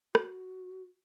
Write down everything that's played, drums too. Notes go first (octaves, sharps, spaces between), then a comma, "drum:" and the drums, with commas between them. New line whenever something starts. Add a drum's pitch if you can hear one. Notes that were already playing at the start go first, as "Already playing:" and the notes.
F#4, drum: rim click